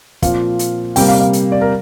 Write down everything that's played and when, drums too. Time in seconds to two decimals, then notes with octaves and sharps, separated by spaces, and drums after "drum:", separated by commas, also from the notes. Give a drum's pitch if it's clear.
0.22 A#2 F3 C4 F5, drum: kick, hi-hat
0.59 drum: hi-hat
0.96 C3 G3 A#3 G5, drum: open hi-hat
1.08 F5
1.20 F5
1.33 drum: hi-hat
1.52 D5
1.61 A#4